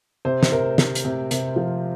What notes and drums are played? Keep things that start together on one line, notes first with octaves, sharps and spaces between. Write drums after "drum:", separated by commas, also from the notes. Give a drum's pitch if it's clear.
C3 C5
drum: snare
C3 A#4
C3, drum: snare
drum: hi-hat
C3
C3, drum: hi-hat
F3